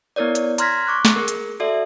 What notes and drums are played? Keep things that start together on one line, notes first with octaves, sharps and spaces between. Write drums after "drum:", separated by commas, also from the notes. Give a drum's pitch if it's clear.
B3 E4 A#4 C#5 D5
drum: hi-hat
A#5 C6 F6 G#6 A#6 B6, drum: hi-hat
C#6 D6 F#6
drum: snare
G#4 A#4
drum: hi-hat
F#4 A4 D5 E5